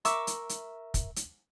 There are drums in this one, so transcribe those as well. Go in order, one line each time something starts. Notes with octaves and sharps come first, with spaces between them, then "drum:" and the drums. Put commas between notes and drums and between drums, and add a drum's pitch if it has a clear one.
A#4 E5 C#6 D6, drum: hi-hat
drum: hi-hat
drum: hi-hat
drum: kick, hi-hat
drum: hi-hat